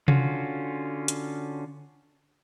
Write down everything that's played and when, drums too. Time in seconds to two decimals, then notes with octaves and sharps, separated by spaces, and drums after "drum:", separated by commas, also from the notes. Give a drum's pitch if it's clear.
0.08 D3 C#4 F4 F#4, drum: tom C3
1.08 drum: hi-hat